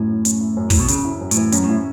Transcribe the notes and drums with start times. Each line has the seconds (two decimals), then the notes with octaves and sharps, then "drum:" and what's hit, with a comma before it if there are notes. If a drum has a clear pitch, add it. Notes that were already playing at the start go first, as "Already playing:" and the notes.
Already playing: F#2 A2 C#4 E4
0.08 E3
0.25 C#4, drum: hi-hat
0.41 E4
0.57 F#2
0.70 A2 E3, drum: kick, open hi-hat
0.80 B2
0.88 C#3 C#4, drum: hi-hat
1.05 E4
1.21 F#2
1.31 A2, drum: hi-hat
1.37 E3
1.52 F#2 C#4, drum: hi-hat
1.64 A2
1.69 E4